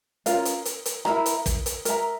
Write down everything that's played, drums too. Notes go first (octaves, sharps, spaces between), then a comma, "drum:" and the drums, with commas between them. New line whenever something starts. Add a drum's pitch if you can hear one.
C#4 F4 A#4 F5, drum: hi-hat
drum: hi-hat
drum: hi-hat
drum: hi-hat
E4 A#4 E5 A#5, drum: rim click
drum: hi-hat
drum: kick, hi-hat
drum: hi-hat
A#4 E5 A#5, drum: hi-hat